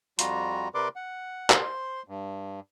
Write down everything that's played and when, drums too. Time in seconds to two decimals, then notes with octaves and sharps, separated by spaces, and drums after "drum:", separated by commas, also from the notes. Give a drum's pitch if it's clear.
0.19 F2 G3 F4 F#4 A#5, drum: hi-hat
0.75 C3 A#4 B4 D5 C6 D6
0.96 F#5
1.50 C5 C6, drum: clap
2.08 G2